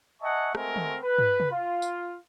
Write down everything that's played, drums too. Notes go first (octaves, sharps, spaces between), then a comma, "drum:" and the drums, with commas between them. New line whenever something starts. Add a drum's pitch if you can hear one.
D#5 E5 F#5 G#5 A5 C#6
G#3 A3 C4 F#4 A#4 G#5, drum: rim click
drum: tom
B4
drum: tom
drum: tom
F4
drum: tambourine